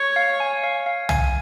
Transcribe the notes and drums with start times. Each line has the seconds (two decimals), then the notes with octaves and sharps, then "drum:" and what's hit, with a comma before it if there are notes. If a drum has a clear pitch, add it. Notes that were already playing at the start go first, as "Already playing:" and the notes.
Already playing: C#5
0.16 F5
0.40 G#5
0.64 F5
0.86 F5
1.09 G#5, drum: tom